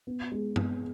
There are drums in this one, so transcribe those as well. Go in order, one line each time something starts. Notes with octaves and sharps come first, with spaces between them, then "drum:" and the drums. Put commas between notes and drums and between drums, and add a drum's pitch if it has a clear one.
B3
G#3
B3, drum: tom G2